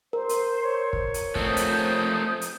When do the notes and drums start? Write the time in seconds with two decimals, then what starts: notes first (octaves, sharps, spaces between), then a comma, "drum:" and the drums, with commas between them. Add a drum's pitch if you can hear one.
0.13 A#4 C5
0.29 drum: hi-hat
0.63 C#5
0.93 drum: kick
1.14 drum: hi-hat
1.35 F3 A3 C4 D#6 G6, drum: kick
1.57 drum: hi-hat
2.41 drum: hi-hat